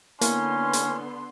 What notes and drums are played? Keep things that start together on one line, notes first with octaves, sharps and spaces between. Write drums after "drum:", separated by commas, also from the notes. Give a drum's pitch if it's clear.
D3 A#3 B3 C#4 E4 C6, drum: hi-hat
drum: hi-hat